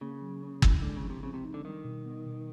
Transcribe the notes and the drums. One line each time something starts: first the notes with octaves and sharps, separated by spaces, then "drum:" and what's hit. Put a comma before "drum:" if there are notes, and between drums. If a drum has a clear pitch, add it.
C#3 A#3
F#3
C#4
E4, drum: kick
D3 G#3
C#3
F3
C3
C#3 C4
C3
D#4
D3
D#3 G3
B2
B3
B2